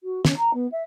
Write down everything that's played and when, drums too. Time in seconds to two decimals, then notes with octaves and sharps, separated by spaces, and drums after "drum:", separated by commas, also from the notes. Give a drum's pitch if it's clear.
0.04 F#4
0.25 C#4, drum: snare
0.37 A#5
0.54 B3
0.72 E5